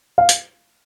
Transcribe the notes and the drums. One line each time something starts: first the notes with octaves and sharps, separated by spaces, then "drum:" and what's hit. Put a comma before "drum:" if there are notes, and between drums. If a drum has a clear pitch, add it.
F5
drum: hi-hat